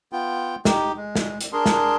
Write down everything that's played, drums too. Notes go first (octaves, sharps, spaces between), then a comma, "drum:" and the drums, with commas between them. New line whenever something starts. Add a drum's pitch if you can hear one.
B3 F4 G5
D#4 G4, drum: snare
G#3
drum: snare
drum: hi-hat
D4 G#4 A#4 C6
drum: snare